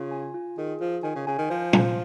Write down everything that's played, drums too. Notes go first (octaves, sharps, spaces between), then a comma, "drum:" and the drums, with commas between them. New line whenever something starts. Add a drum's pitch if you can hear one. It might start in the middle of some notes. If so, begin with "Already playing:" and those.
Already playing: C#3 F4
G#5
F4
D#3 G#4
F3 F4
D#3 G#5
C#3
C#3 G#5
D#3
F3 C5
F4, drum: tom